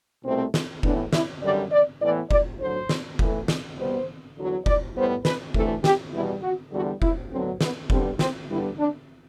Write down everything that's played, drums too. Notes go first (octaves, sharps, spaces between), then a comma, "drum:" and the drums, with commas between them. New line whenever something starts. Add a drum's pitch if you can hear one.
C2 B2 A3 C4
drum: snare
A2 E3 B3 D4, drum: kick F1
E4, drum: snare
F#2 D3 G3 D5
D5
A2 E3 B3 D5
D5, drum: kick F1
D2 D3 F#3 C5
drum: snare
A2 E3 A3, drum: kick F1
drum: snare
B2 G3 B3 C5
E2 D3 F#3
D5, drum: kick F1
A2 G3 B3 C5
B4, drum: snare
D2 C3 E3 A3 A4, drum: kick F1
G4, drum: snare
E2 B2 G3 E4
F#4
E2 D3 G3 B3 F#4
E4, drum: kick F1
D2 D3 F#3 B3 C4
B3, drum: snare
G2 D3 G3 B3 C4, drum: kick F1
C4, drum: snare
G2 D3 G3 B3 E4
D4